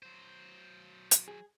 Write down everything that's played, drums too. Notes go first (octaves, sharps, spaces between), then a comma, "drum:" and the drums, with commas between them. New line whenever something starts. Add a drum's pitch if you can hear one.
F#3 C5
drum: hi-hat
G#4